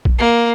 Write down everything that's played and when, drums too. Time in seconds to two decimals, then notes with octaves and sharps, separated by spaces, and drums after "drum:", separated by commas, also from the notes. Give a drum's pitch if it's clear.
0.05 drum: kick A#1
0.19 A#3